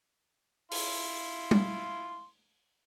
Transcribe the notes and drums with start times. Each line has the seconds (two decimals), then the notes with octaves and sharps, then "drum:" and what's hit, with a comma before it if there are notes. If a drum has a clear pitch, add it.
0.71 E4 F5 C6, drum: open hi-hat
1.51 drum: tom G3